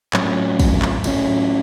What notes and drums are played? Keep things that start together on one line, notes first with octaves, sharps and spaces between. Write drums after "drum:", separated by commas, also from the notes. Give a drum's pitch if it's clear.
A2 F#3 C#4, drum: clap
drum: kick, cymbal
drum: clap
A2 F#3 C#4, drum: cymbal